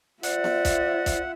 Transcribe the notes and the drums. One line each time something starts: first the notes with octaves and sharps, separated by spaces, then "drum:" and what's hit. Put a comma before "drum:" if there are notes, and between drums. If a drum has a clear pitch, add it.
F4 C5 D5 E5 F#5, drum: hi-hat
drum: snare B3
drum: kick, hi-hat
drum: kick, hi-hat